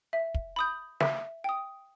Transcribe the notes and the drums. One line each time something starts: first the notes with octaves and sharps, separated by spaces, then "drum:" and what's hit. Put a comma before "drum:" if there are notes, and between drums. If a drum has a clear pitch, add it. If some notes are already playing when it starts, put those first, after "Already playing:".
E5
drum: kick
B5 D#6 G6
E5, drum: snare
G5 D#6